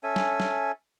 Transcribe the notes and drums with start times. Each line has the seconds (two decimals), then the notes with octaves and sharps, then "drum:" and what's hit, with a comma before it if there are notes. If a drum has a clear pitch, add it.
0.03 C#4 A4 E5 G#5
0.16 drum: snare
0.40 drum: snare